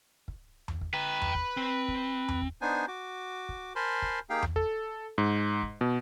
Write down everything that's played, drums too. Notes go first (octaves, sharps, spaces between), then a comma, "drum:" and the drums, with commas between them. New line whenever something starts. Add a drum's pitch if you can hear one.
drum: kick
drum: tom E2
drum: kick
B4 G5 A#5
drum: tom E2
drum: kick
C4
drum: kick
drum: tom E2
drum: kick
B3 D4 D#4 C5 G#5
F#4 D6
drum: kick
A#4 C5 G#5 A5 B5 C6
drum: kick
A#3 D#4 G4 G#4 F5 G5
drum: tom E2
A4, drum: kick
G#2
drum: kick
B2